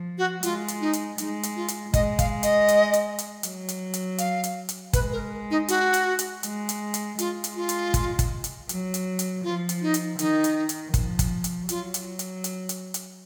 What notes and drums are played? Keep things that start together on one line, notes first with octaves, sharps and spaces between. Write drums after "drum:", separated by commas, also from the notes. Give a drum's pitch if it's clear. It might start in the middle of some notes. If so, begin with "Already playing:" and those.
Already playing: F3
F#4
G#3 F4, drum: hi-hat
drum: hi-hat
D#4
drum: hi-hat
G#3 D#4, drum: hi-hat
drum: hi-hat
F4
drum: hi-hat
G#3 D#5, drum: kick, hi-hat
F5, drum: kick, hi-hat
D#5, drum: hi-hat
drum: hi-hat
drum: hi-hat
drum: hi-hat
F#3, drum: hi-hat
drum: hi-hat
drum: hi-hat
F5, drum: hi-hat
drum: hi-hat
drum: hi-hat
G#3 B4, drum: kick, hi-hat
A#4
D#4
F#4, drum: hi-hat
drum: hi-hat
drum: hi-hat
G#3, drum: hi-hat
drum: hi-hat
drum: hi-hat
G#3 F4, drum: hi-hat
drum: hi-hat
F4
drum: hi-hat
drum: kick, hi-hat
drum: kick, hi-hat
drum: hi-hat
F#3, drum: hi-hat
drum: hi-hat
drum: hi-hat
F3 F4
drum: hi-hat
D#4
drum: hi-hat
D#3 D#4, drum: hi-hat
drum: hi-hat
drum: hi-hat
F3, drum: kick, hi-hat
drum: kick, hi-hat
drum: hi-hat
F#3 F4, drum: hi-hat
drum: hi-hat
drum: hi-hat
drum: hi-hat
drum: hi-hat
drum: hi-hat